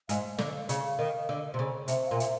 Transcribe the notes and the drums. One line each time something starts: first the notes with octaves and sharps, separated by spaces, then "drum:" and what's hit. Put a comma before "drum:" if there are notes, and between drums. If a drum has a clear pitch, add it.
G#2 F5, drum: hi-hat
D3, drum: snare
C#3, drum: hi-hat
D#3
D3
C3
C#3
C3 E5, drum: hi-hat
A#2 F5
E5, drum: hi-hat